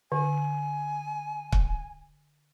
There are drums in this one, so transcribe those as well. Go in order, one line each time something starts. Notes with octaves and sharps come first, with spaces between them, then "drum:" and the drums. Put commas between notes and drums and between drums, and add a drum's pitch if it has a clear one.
D3 G#5
drum: kick